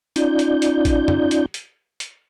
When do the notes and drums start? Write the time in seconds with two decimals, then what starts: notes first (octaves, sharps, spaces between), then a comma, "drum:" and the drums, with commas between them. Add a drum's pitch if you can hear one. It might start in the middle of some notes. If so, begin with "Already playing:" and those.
0.16 C#4 D#4 F4 D5 G6, drum: hi-hat
0.39 drum: hi-hat
0.62 drum: hi-hat
0.85 drum: kick A1, hi-hat
1.08 drum: tom
1.31 drum: hi-hat
1.54 drum: hi-hat
2.00 drum: hi-hat